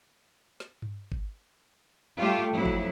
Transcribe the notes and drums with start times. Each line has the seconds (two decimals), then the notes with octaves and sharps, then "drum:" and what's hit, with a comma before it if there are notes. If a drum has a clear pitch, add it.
0.60 drum: snare
0.82 drum: tom G2
1.12 drum: kick G1
2.18 G3 A3 F4 G4
2.53 F2 F#3 E4
2.65 drum: kick G1